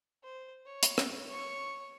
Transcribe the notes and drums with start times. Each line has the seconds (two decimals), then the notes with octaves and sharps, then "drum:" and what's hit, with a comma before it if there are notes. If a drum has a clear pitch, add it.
0.24 C5
0.66 C#5
0.83 drum: hi-hat
0.98 drum: rim click
1.27 C#5 C#6